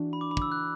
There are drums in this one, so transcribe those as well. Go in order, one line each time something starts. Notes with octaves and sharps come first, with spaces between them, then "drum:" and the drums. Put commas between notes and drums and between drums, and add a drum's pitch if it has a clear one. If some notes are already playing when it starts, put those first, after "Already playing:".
Already playing: E3 D4 F#4
B5
D6
B5
D6, drum: kick
E6
F#6